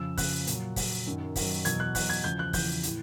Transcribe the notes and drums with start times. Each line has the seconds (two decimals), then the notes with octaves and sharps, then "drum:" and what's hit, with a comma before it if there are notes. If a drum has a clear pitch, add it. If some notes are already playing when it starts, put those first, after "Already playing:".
Already playing: F2 C#3 F3 E6
0.17 F2 C#3 F3 F#6, drum: kick, open hi-hat
0.47 A#2 F#3, drum: hi-hat
0.76 A#2 F#3, drum: kick, open hi-hat
1.06 F#2 D#3 F#3
1.36 F#2 D#3 F#3, drum: kick, open hi-hat
1.65 E2 B2 F#3 G#6, drum: hi-hat
1.80 F#6
1.95 E2 B2 F#3 F#6, drum: kick, open hi-hat
2.09 G#6
2.24 E2 C#3 F3 G6
2.39 F#6
2.53 E2 C#3 F3 G6, drum: kick, open hi-hat
2.83 A2 E3, drum: hi-hat